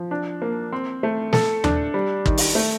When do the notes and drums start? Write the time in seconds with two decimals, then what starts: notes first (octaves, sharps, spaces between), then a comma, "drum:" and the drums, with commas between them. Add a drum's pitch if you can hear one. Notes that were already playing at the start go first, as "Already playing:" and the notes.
Already playing: F3
0.11 D4
0.42 A#3
0.72 C4
1.03 A3
1.33 A4, drum: snare
1.64 D4, drum: tom D#2
1.94 G3
2.26 D#3, drum: kick
2.37 drum: open hi-hat
2.55 A3